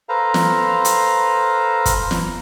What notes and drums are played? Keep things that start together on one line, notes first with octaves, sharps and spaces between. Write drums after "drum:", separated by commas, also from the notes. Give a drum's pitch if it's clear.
A4 B4 C5 F5 A#5
drum: snare
drum: hi-hat
drum: kick, hi-hat
drum: snare